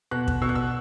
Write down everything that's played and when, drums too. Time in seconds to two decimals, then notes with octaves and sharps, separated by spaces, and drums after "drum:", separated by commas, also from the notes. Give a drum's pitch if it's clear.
0.11 B2 F#6
0.28 drum: kick
0.42 B2 E6
0.49 F#6
0.55 E6